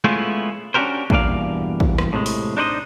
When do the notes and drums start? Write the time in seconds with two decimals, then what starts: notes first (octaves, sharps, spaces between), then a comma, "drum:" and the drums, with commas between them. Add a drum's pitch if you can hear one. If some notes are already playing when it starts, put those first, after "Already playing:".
0.04 G#3 A3 B3 C#4 E4 F4
0.74 C#4 D4 F#4 G4 A#4 C5
1.10 E2 G2 B2 A#3 D5 F5, drum: kick
1.80 drum: kick
1.98 drum: rim click
2.13 A2 C3 G#3
2.26 drum: open hi-hat
2.57 D4 D#4 C5 D5 D#5